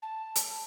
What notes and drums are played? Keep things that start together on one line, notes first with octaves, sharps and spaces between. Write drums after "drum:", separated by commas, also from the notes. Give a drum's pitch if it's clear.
A5
drum: hi-hat